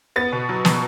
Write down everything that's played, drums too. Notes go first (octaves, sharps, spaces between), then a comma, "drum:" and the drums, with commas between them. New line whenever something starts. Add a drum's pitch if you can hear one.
B3 A6
B2
F#3
B2, drum: snare